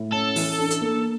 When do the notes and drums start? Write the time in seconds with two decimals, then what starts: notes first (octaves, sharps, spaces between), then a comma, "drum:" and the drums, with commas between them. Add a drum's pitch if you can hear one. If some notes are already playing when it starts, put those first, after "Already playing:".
Already playing: A2
0.12 C#4 A4
0.36 E3, drum: open hi-hat
0.59 D4
0.70 drum: hi-hat
0.81 A#3